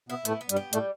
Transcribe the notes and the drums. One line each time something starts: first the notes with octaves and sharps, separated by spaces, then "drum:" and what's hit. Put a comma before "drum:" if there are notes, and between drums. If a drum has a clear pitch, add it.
B2 B3 E4
A2 A3 B3, drum: hi-hat
B3
G2 G3, drum: hi-hat
G4
A2 G3 A3, drum: hi-hat